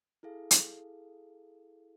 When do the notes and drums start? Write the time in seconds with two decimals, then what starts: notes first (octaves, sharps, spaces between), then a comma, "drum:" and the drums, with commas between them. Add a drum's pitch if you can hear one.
0.23 E4 G#4 A4 F5
0.51 drum: hi-hat